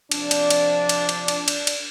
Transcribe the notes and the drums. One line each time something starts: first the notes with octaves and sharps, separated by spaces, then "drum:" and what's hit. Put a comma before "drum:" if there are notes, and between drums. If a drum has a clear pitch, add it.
F2 C3 F3 D4, drum: cymbal
drum: cymbal
drum: cymbal
drum: cymbal
drum: cymbal
drum: cymbal
drum: cymbal
drum: cymbal